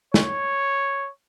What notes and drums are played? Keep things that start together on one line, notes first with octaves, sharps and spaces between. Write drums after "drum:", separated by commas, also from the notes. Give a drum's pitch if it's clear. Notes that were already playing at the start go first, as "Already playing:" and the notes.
C#5, drum: snare